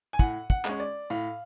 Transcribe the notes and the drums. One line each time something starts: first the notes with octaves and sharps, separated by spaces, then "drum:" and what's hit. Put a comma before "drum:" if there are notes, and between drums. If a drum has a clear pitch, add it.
G#5
A2 F#5, drum: kick
F#5, drum: kick
G#3 C#4, drum: clap
D5
A2 F5